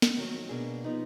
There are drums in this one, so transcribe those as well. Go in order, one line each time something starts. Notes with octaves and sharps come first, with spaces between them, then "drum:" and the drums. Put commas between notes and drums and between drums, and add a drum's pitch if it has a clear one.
drum: snare
F2 D#3 F#3
B2 A#3 D4 G#4
F3 B3 D#4